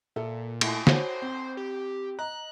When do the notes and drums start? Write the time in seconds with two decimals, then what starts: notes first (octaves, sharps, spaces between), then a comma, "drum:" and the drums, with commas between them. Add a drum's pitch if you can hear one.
0.16 A#2 A4 E5
0.61 A3 E4, drum: cymbal
0.87 F#4 C5 C#5, drum: snare
1.22 C4
1.57 G4
2.19 D#5 A#5 F#6